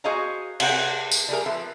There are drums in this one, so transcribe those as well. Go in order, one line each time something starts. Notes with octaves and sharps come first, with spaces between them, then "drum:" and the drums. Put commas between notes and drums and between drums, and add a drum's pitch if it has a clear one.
F#4 G#4 C5 D#5 F5 A#5
C3 G#4 F#5 G5, drum: cymbal
drum: tambourine
G3 A3 G#4 A#4
F3 B4 E5